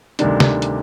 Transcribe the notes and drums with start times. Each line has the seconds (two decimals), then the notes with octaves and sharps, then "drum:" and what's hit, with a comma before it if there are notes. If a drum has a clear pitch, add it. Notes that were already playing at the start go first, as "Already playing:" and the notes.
0.19 D2 C3 D#3 G3 D4, drum: hi-hat
0.40 drum: snare
0.62 drum: hi-hat